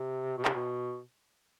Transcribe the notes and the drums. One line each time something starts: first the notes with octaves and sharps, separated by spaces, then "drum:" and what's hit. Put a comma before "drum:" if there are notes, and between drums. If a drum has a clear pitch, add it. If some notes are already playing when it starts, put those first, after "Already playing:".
Already playing: C3
B2
C3, drum: clap
B2